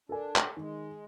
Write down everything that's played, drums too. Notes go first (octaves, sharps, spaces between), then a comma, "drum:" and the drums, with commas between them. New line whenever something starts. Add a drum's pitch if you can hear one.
D4 A4 A#4 G#5
drum: clap
D#3 G#3